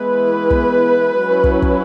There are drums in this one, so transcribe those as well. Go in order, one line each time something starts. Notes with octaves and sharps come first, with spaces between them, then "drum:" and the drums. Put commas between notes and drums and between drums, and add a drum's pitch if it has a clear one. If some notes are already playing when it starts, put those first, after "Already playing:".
Already playing: E3 G#3 B3 E4 B4
drum: kick
F#3 C#4 E4
drum: kick
drum: kick